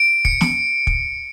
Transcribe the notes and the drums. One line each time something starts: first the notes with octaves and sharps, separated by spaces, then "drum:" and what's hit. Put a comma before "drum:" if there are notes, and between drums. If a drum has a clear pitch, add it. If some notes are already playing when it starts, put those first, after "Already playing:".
Already playing: D7
C#7, drum: kick
drum: snare
drum: kick